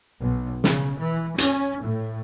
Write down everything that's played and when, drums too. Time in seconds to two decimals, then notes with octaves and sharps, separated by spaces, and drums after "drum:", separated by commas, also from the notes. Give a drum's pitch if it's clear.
0.20 B1
0.64 C#3, drum: snare
1.00 E3
1.38 C#4, drum: hi-hat
1.84 A2